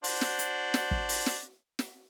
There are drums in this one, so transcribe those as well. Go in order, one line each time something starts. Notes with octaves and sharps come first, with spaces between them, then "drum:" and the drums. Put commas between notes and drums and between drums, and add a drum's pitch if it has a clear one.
D4 F#4 C5, drum: open hi-hat
drum: snare
drum: hi-hat
drum: snare
drum: kick
drum: open hi-hat
drum: snare
drum: snare